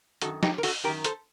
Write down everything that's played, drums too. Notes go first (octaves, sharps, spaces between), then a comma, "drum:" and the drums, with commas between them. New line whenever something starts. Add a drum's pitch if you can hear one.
F#2 D#3 F#4 A4, drum: hi-hat
D#4 G4, drum: snare
A#4
F#4 A4, drum: open hi-hat
F#2 D#3 G4 A#4
A4 C5, drum: hi-hat